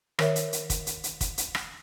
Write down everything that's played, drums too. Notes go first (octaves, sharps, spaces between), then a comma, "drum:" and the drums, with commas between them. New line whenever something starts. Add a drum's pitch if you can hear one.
D#3 A#4 C#5 E5, drum: rim click
drum: hi-hat
drum: hi-hat
drum: kick, hi-hat
drum: hi-hat
drum: hi-hat
drum: kick, hi-hat
drum: hi-hat
drum: rim click